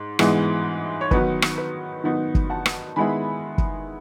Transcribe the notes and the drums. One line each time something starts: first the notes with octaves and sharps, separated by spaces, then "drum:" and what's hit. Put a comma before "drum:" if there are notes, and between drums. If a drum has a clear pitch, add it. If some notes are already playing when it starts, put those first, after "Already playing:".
Already playing: G#2
G#2 E3 G#3 B3, drum: rim click
C#5
D#3 F#3 B3 D#4 B4, drum: kick
drum: rim click
B4
D#3 F#3 B3 D#4
drum: kick
F#5 A5
drum: rim click
D#3 G#3 B3 E4 G#5 B5
drum: kick